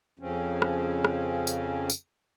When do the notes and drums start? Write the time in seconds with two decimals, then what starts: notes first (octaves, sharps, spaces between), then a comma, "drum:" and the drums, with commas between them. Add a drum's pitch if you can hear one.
0.19 F2 C#3 F3 C4 C#4
0.62 drum: rim click
1.05 drum: rim click
1.47 drum: tambourine
1.90 drum: tambourine